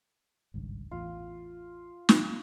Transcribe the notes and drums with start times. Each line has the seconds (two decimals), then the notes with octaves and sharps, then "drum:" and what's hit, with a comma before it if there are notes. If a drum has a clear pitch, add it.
0.54 G#1 C#2 G2
0.91 A1 E2 F4
2.09 drum: snare